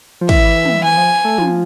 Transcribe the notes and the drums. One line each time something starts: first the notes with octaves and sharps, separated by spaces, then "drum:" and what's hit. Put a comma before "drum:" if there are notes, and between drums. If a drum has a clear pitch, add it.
F3
E3 E5, drum: kick, cymbal
drum: tom
E3 G#5
F3
A3
F3, drum: tom